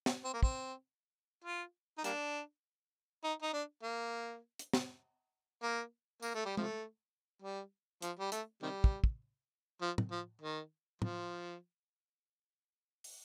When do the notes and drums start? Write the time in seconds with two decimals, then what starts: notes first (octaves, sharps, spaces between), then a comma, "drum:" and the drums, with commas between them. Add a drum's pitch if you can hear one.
0.06 drum: snare
0.24 C4
0.34 A#3
0.43 C4, drum: kick
1.45 F4
1.98 D#4
2.04 G3 A#3 D4, drum: hi-hat
3.24 D#4
3.42 D#4
3.53 D4
3.83 A#3
4.59 drum: hi-hat
4.73 drum: snare
5.63 A#3
6.22 A#3, drum: tambourine
6.35 A3
6.45 G3
6.57 C3 F3 A3, drum: tom
7.42 G3
8.02 F3, drum: hi-hat
8.19 G3
8.32 A3, drum: hi-hat
8.62 C3 D#3 G3
8.84 drum: kick
9.04 drum: kick
9.82 F3
9.98 drum: tom
10.11 F3
10.41 D#3
11.02 F3, drum: tom
13.04 drum: open hi-hat